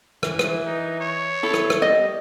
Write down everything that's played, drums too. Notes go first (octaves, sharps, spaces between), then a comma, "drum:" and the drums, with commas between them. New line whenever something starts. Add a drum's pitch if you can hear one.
E3, drum: rim click
drum: rim click
D#4
C#5
E4 A4
drum: rim click
drum: rim click
G3 D#5